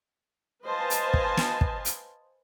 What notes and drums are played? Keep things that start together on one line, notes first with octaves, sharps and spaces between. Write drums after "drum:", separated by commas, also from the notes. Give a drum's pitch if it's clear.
B4 C5 D#5 F5 G#5 A5
drum: hi-hat
drum: kick
drum: snare
drum: kick
drum: hi-hat